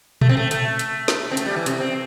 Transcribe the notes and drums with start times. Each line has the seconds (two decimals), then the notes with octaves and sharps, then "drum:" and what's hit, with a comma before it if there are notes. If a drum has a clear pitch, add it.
0.21 A3, drum: tom A#2
0.29 C4
0.37 A3
0.51 A3, drum: hi-hat
0.79 drum: hi-hat
1.08 drum: snare
1.31 C4
1.37 A3, drum: hi-hat
1.46 G3
1.56 E3
1.66 C3, drum: hi-hat
1.80 C4